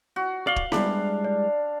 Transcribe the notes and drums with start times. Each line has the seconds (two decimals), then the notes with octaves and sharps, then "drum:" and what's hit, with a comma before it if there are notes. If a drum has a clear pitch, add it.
0.16 F#4
0.47 D5 F5 F#7 G7
0.56 drum: kick
0.72 G3 G#3 D4 E4, drum: snare B3
1.25 D5